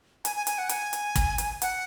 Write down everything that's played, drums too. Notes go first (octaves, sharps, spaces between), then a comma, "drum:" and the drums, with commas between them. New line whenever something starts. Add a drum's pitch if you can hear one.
G#5, drum: hi-hat
G#5
G#5, drum: hi-hat
F#5
G#5, drum: hi-hat
drum: hi-hat
drum: kick, hi-hat
drum: hi-hat
F#5, drum: hi-hat